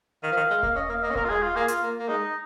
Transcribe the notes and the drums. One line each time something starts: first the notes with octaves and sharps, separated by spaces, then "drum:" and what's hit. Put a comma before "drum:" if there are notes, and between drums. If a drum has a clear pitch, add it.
D#3 F5
F3
D#3
G#3
A#3, drum: kick D#1
C#4 D#5
A#3 F5
A#3 D#5
C#4
A#3 A#4, drum: kick D#1
F4
G#3 G#4
F4
A#3 G#4
F4, drum: hi-hat
A#3
A#3
G#3 D#4